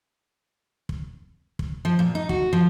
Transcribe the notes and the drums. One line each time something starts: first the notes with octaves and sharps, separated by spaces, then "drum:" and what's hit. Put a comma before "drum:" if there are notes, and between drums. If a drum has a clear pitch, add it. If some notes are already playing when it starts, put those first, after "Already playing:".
drum: kick
drum: kick
F3
A#2
D#4
F#4, drum: kick
F3